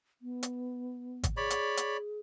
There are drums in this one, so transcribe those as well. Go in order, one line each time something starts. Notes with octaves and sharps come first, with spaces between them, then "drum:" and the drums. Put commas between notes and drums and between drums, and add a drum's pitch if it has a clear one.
B3
drum: hi-hat
drum: kick G#1, hi-hat
G#4 C#5 D5 B5
drum: hi-hat
drum: hi-hat